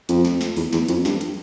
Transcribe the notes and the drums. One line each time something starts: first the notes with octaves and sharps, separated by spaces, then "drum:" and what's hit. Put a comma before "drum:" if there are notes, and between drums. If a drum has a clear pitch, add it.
F2, drum: hi-hat
drum: snare
drum: snare
E2, drum: open hi-hat
E2, drum: snare
F2, drum: hi-hat
G2, drum: snare
drum: hi-hat